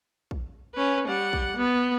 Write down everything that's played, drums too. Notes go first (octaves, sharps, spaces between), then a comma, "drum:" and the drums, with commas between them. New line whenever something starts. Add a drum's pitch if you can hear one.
drum: kick
C#4 B4
G3 F#5
drum: kick
B3